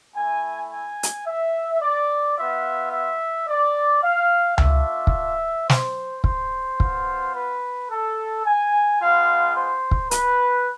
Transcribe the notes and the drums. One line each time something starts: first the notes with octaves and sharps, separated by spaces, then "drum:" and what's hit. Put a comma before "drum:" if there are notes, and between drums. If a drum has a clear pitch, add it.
A3 E4 G#5
G#5
drum: hi-hat
E5
D5
B3 F4 E5
E5
D5
F5
A3 D4 F4 E5, drum: tom C#2
drum: kick
C5, drum: snare
C5, drum: kick
B3 F4, drum: kick
B4
A4
G#5
G#3 B3 F4 F5
C5
drum: kick
B4, drum: hi-hat